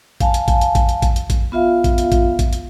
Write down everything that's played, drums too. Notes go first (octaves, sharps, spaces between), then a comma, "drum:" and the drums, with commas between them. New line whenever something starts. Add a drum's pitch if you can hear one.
F5 G#5 A5, drum: kick A1, hi-hat
drum: hi-hat
drum: kick A1, hi-hat
drum: hi-hat
drum: kick A1, hi-hat
drum: hi-hat
drum: kick A1, hi-hat
drum: hi-hat
drum: kick A1, hi-hat
B3 F4 E5 F5
drum: kick A1, hi-hat
drum: hi-hat
drum: kick A1, hi-hat
drum: kick A1, hi-hat
drum: hi-hat